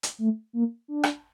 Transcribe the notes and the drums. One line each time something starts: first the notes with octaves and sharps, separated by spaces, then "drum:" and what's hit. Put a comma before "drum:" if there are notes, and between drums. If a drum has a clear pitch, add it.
drum: hi-hat
A3
A#3
D4
drum: rim click